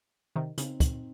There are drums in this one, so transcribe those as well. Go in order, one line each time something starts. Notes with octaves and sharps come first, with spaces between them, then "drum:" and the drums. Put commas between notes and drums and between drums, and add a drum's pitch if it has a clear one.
C3 D#3
C#3 C4 D#4, drum: hi-hat
drum: kick, hi-hat